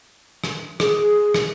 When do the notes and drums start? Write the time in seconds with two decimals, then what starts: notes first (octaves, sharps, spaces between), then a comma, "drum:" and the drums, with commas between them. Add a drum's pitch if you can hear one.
0.44 drum: rim click
0.80 G#4, drum: rim click
1.34 drum: rim click